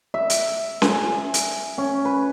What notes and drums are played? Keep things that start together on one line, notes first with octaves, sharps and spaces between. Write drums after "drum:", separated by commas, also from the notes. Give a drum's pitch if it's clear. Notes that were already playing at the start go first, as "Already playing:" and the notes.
E5
drum: hi-hat
G#5, drum: snare C#4
drum: hi-hat
C#4
B4